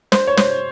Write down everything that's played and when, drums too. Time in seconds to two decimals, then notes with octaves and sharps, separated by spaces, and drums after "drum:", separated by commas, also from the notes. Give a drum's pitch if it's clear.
0.12 C5, drum: snare
0.27 C#5
0.37 C5, drum: snare